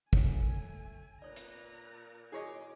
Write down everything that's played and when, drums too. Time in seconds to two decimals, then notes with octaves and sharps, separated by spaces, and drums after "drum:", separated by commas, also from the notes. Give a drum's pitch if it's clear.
0.13 A3 C#5 F#5 G#5, drum: kick
1.22 A#2 B4 C#5 D5 A#5
1.36 drum: hi-hat
2.32 E4 F#4 G#4 C#5 D#5 D6